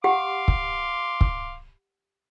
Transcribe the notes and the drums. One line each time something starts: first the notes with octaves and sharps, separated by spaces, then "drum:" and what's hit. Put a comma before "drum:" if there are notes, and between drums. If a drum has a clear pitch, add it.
G4 F5 F#5 C6 D6
drum: kick
drum: kick